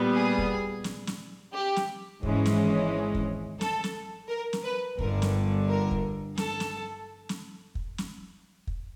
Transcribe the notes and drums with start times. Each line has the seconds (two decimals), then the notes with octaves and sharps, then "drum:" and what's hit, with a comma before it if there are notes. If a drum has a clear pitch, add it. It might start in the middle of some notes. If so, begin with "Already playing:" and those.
Already playing: A#2 G3 B3
0.15 G#4
0.38 drum: kick
0.84 drum: snare
1.07 drum: snare
1.53 G4
1.76 drum: snare
2.23 G#1 G#2 E3 G#3 C#4, drum: kick
2.45 drum: snare
3.15 drum: kick
3.61 A4, drum: snare
3.84 drum: snare
4.29 A#4
4.53 drum: snare
4.64 B4
4.99 G1 G2 D3 A#4, drum: kick
5.22 drum: snare
5.68 A#4
5.91 drum: kick
6.37 A4, drum: snare
6.60 drum: snare
7.29 drum: snare
7.75 drum: kick
7.98 drum: snare
8.67 drum: kick